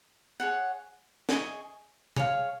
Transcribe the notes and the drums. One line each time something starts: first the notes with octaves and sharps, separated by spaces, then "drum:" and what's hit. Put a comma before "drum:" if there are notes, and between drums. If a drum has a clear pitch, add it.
G#4 C#5 F#5
G#4 D#5 G#5 C#6, drum: snare
G#4 C#5 F5, drum: tom B2